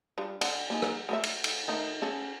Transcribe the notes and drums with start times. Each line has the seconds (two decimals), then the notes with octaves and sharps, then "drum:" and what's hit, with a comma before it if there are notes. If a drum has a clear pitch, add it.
0.18 G3 D4 F4
0.41 D3, drum: cymbal
0.70 A#3 D#4 G#4
0.82 drum: rim click
1.09 A3 A#4 E5
1.23 drum: cymbal
1.44 drum: cymbal
1.68 D#3 A3 D#4
2.02 C#4 G#4 A4